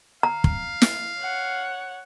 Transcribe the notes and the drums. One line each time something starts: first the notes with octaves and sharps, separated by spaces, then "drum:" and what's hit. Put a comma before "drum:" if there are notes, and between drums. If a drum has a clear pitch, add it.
F5 A#5
drum: kick
drum: snare
C#5 F#5